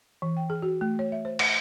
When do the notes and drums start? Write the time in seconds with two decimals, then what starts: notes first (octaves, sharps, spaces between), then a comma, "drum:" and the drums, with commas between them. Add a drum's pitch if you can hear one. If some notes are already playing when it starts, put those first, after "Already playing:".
0.22 E3
0.37 G5
0.50 G#4
0.62 F#4
0.81 A3
0.99 C#5
1.12 E5
1.25 C5
1.39 F#5, drum: cymbal